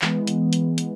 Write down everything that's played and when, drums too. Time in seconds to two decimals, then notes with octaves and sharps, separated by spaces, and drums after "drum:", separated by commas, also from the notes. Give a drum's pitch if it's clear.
0.02 E3 G#3 B3, drum: clap
0.27 drum: hi-hat
0.53 drum: hi-hat
0.78 drum: hi-hat